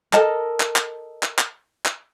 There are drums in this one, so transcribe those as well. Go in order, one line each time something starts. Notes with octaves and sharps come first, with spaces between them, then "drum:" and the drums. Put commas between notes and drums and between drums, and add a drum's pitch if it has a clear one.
A4 A#4 D#5 A5, drum: clap
drum: clap
drum: clap
drum: clap
drum: clap
drum: clap